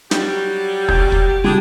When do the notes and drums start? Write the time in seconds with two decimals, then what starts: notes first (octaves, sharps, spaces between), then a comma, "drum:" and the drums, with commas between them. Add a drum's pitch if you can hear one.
0.11 F#3 G3 G4, drum: snare
0.89 G6, drum: kick
1.12 drum: kick
1.44 G3 D4 G4 G#4